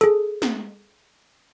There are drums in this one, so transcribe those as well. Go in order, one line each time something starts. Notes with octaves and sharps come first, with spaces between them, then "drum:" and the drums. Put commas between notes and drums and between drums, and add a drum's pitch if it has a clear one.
G#4 A4, drum: hi-hat
drum: snare